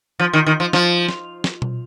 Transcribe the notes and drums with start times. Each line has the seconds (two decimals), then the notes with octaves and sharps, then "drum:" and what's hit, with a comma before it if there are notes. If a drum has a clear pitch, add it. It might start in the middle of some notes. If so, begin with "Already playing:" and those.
0.20 F3
0.33 D#3
0.46 D#3
0.60 F3
0.73 F3, drum: snare
1.09 drum: snare
1.44 drum: snare
1.62 drum: tom B2